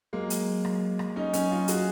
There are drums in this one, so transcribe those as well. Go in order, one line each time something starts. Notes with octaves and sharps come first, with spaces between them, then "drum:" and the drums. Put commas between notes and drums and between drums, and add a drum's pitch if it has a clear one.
F#3 G#3 A#3
drum: hi-hat
drum: rim click
drum: rim click
F#3 C#4 D#4
C#4 D#4, drum: hi-hat
D#4 F4
F#4 G#4, drum: hi-hat